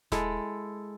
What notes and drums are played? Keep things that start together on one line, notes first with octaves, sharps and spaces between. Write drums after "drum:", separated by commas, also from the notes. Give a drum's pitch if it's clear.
G#3 E4 A4, drum: snare D#1